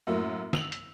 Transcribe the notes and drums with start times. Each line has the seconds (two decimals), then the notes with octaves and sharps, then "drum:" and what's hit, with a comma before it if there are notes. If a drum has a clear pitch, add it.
0.07 F#2 A2 F#3 A#3 E4
0.53 E6 F7 F#7, drum: snare
0.72 drum: hi-hat